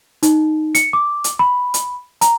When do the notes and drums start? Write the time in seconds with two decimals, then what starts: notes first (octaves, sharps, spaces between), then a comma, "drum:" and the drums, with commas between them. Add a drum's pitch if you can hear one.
0.23 D#4, drum: hi-hat
0.75 C#7, drum: hi-hat
0.93 D6
1.24 drum: hi-hat
1.39 B5
1.74 drum: hi-hat
2.21 A#5, drum: hi-hat